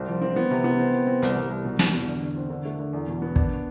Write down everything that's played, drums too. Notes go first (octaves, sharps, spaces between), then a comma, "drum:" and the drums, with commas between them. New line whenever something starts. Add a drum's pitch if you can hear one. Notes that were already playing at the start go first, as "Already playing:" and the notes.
Already playing: C2 C4
F3
C4
B3
C3
B3
C4
C4
C4
C2, drum: hi-hat
C2
C2
B2
B2, drum: snare
E2
D3
D3
C4
D3
A3
D3
E2
B2
B3
D4, drum: kick